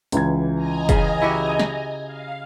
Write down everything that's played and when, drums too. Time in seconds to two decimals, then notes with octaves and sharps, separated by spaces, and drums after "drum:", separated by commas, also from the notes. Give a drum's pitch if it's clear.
0.12 C#2 E3 G#6, drum: hi-hat
0.55 D#5 G#5 A#5
0.89 C#3, drum: kick F1, hi-hat
1.22 E4 F#4 G4
1.59 drum: snare
2.05 F5